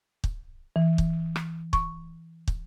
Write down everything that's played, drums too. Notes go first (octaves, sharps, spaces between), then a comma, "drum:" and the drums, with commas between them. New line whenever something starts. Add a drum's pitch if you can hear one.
drum: kick
E3
drum: kick
drum: rim click
C#6, drum: kick
drum: kick